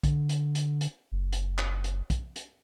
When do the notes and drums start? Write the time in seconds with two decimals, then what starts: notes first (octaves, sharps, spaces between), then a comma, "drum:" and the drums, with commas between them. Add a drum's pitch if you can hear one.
0.03 D3, drum: kick B1, hi-hat
0.29 drum: hi-hat
0.55 drum: hi-hat
0.81 drum: hi-hat
1.12 F#1
1.33 drum: hi-hat
1.58 drum: clap
1.84 drum: hi-hat
2.10 drum: kick B1, hi-hat
2.36 drum: hi-hat